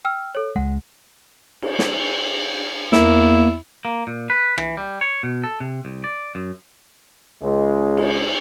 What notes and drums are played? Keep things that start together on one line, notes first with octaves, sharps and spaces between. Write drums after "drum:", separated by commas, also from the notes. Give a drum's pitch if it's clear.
G5 E6 F6
A4 C#5
C#2 G#3 F#5
drum: cymbal
drum: snare
E2 A#3 E4, drum: snare
A#3
A#2
B4
E3, drum: rim click
G3
C#5
B2
A4
C3
C2
D5
F#2
C#2 G#3
drum: cymbal